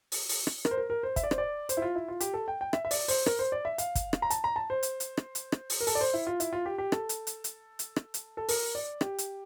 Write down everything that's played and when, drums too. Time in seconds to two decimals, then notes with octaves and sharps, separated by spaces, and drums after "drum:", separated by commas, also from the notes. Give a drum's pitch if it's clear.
0.12 drum: open hi-hat
0.29 drum: open hi-hat
0.47 drum: rim click
0.65 A#4, drum: rim click
0.71 C5
0.78 A#4
0.90 A#4
1.03 C5
1.16 E5, drum: kick, hi-hat
1.24 D5
1.31 C5, drum: rim click
1.38 D5
1.69 C5, drum: hi-hat
1.77 E4
1.82 F4
1.96 E4
2.08 F4
2.20 G4, drum: hi-hat
2.34 A4
2.48 G5
2.61 G5
2.73 E5, drum: rim click
2.85 E5
2.91 D5, drum: open hi-hat
3.08 C5, drum: open hi-hat
3.26 A#4, drum: rim click
3.39 C5
3.52 D5
3.65 E5
3.78 F5, drum: hi-hat
3.95 drum: kick, hi-hat
4.13 drum: rim click
4.22 A#5
4.30 A5, drum: hi-hat
4.44 A#5
4.56 A5
4.70 C5
4.83 drum: hi-hat
5.00 drum: hi-hat
5.17 drum: rim click
5.35 drum: hi-hat
5.52 drum: rim click
5.70 drum: open hi-hat
5.80 A#4
5.87 A4, drum: open hi-hat
5.95 D5
6.01 C5
6.14 E4
6.27 F4
6.40 E4, drum: hi-hat
6.53 F4
6.66 G4
6.78 G4
6.92 A4, drum: rim click
7.09 drum: hi-hat
7.27 drum: hi-hat
7.44 drum: hi-hat
7.79 drum: hi-hat
7.96 drum: rim click
8.14 drum: hi-hat
8.37 A4
8.49 A#4, drum: open hi-hat
8.75 D5
9.01 G4, drum: rim click
9.18 drum: hi-hat